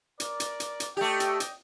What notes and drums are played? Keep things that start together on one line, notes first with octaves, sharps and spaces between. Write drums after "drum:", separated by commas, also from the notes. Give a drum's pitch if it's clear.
A#4 D5, drum: hi-hat
drum: hi-hat
drum: hi-hat
drum: hi-hat
A3 G4 D5 D#5 G5
drum: hi-hat
drum: hi-hat